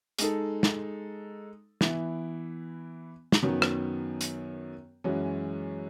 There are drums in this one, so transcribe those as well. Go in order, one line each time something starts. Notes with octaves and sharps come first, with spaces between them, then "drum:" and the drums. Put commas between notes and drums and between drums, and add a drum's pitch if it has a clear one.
G#3 D#4 A4, drum: hi-hat
drum: snare
E3 B3 E4, drum: snare
drum: snare
F#2 D#3 F#3 B3
drum: rim click
drum: hi-hat
F#2 E3 G#3 C#4 F#4